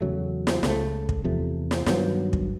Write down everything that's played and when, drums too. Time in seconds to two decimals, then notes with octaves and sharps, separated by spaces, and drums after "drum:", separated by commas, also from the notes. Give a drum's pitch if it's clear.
0.01 E2 C#3 F#3 A3
0.47 drum: snare
0.63 C#2 C#3 F3 A3, drum: snare
1.09 drum: kick
1.24 E2 C3 F3 A3
1.71 drum: snare
1.86 G2 D#3 F#3 B3, drum: snare
2.33 drum: kick